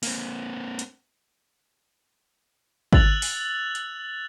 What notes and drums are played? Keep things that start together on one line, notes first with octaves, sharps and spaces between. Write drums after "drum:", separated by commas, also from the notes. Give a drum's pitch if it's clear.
A#3 C4, drum: open hi-hat
drum: hi-hat
E6 F#6 A6 F7 F#7, drum: kick G#1
drum: open hi-hat
drum: hi-hat